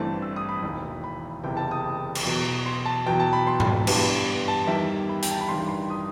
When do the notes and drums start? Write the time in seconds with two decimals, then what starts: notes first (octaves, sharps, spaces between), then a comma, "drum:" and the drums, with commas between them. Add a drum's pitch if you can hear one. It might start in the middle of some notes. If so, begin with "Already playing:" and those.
Already playing: A1 G2 E3 A3 C4 A5
0.22 E6
0.36 D#6
0.49 B5
0.62 E1 D#2 D#3
1.04 B5
1.43 F#1 E2 C3 E3 G5
1.57 A5
1.71 D#6
2.15 drum: cymbal
2.25 E2 B2 F#3
2.66 C6
2.85 A5
3.06 E2 B2 F#3 G5
3.20 A5
3.33 B5
3.47 C6
3.60 drum: tom G#2
3.87 G2 E3 G3 B3, drum: cymbal
4.48 A5
4.67 E2 D#3 G3 E5
5.09 B5
5.22 G5, drum: hi-hat
5.31 A5
5.41 B5
5.48 A1 G2 D#3 C6
5.69 C6
5.90 D#6